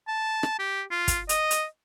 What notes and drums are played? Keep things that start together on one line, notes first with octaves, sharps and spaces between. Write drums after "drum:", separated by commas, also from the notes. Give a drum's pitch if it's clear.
A5
drum: rim click
G4
F4
drum: kick, hi-hat
D#5, drum: hi-hat
drum: hi-hat